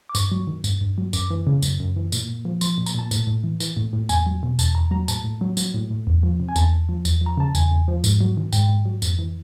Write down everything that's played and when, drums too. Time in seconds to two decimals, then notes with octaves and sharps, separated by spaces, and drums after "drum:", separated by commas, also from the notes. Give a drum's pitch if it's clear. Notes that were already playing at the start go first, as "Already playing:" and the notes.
0.09 D6
0.15 G2 C#6, drum: tambourine
0.32 F#3
0.47 D#3
0.64 G2, drum: tambourine
0.81 G2
0.98 F#3
1.13 F#2 D6, drum: tambourine
1.30 E3
1.47 C#3
1.62 F#2, drum: tambourine
1.79 F#2
1.96 E3
2.12 A#2, drum: tambourine
2.29 A#2
2.45 F3
2.61 F3 C6, drum: tambourine
2.78 A#2
2.86 A#5, drum: tambourine
2.94 A#2 A5
3.11 A2, drum: tambourine
3.27 A2
3.44 E3
3.60 E3, drum: tambourine
3.77 A2
3.93 A2
4.09 E2 G#5, drum: tambourine
4.26 F#3
4.43 B2
4.59 E2 A5, drum: tambourine
4.75 E2 A#5
4.91 F#3 A#5
5.08 A2 A5, drum: tambourine
5.24 A2
5.41 F#3
5.57 F#3, drum: tambourine
5.74 A2
5.90 A2
6.07 E2
6.23 F3
6.40 C3
6.49 G#5
6.56 E2 A5, drum: tambourine
6.73 E2
6.89 F3
7.05 E2, drum: tambourine
7.21 F3
7.26 A#5
7.38 C#3 A5
7.55 E2 G#5, drum: tambourine
7.71 E2
7.88 F3
8.04 G#2, drum: tambourine
8.21 F#3
8.37 D#3
8.53 G#2 G5, drum: tambourine
8.69 G#2
8.85 F#3
9.02 F2, drum: tambourine
9.19 E3